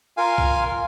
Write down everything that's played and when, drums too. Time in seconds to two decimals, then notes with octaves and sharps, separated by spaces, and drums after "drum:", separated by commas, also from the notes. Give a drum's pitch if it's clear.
0.17 F4 A#4 F5 G#5
0.38 drum: kick